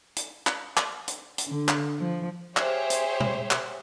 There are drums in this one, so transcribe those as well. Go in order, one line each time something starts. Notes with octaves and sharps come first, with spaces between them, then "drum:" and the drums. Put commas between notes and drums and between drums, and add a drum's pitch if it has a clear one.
drum: hi-hat
drum: clap
drum: clap
drum: hi-hat
drum: hi-hat
D3
drum: clap
F3
G4 G#4 C5 C#5 E5, drum: clap
drum: hi-hat
drum: tom
drum: clap